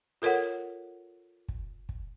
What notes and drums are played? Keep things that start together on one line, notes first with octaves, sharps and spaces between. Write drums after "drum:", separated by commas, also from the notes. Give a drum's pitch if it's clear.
F4 A4 A#4 C#5 F#5
drum: kick
drum: kick